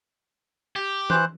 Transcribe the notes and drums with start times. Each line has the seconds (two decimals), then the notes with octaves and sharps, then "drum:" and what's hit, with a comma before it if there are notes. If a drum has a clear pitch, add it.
0.76 G4
1.10 E3 C5 F#6, drum: tom E3